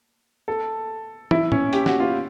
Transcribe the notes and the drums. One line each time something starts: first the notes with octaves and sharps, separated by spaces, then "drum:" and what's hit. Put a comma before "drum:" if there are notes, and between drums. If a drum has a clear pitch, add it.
A4
E4, drum: tom
C#4, drum: tom A2
G4, drum: hi-hat
F#4, drum: snare
F4